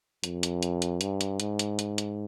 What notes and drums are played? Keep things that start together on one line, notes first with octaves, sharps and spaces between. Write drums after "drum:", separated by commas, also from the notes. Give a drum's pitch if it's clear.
F2, drum: hi-hat
drum: hi-hat
drum: hi-hat
drum: hi-hat
G2, drum: hi-hat
drum: hi-hat
G#2, drum: hi-hat
drum: hi-hat
drum: hi-hat
drum: hi-hat